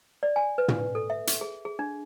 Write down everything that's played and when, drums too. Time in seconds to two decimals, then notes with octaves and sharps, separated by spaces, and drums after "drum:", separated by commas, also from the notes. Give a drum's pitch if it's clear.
0.23 D5
0.36 G#5
0.58 B4
0.68 drum: tom
0.95 A4
1.10 E5
1.27 drum: hi-hat
1.41 G#4
1.65 G#4
1.79 D4